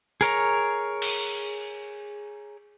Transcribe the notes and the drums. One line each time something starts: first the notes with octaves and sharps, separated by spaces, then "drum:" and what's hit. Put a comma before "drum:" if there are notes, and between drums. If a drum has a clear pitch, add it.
G#4 A#4 C#5 A#5, drum: open hi-hat
drum: cymbal